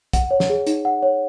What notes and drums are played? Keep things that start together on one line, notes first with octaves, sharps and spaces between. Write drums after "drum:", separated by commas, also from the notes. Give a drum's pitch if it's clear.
F#5, drum: kick, hi-hat
C#5
drum: snare
G#4
D#4, drum: hi-hat
F#5
C#5